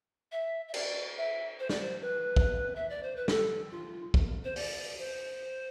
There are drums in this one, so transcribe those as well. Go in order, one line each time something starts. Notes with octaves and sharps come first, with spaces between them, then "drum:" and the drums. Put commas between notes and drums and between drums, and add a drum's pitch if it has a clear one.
E5
E5
D5, drum: cymbal
E5
C5
D5, drum: snare
C5
B4
drum: kick
E5
D5
C5
B4
A4, drum: snare
F4
drum: kick
C5
D5, drum: open hi-hat
C5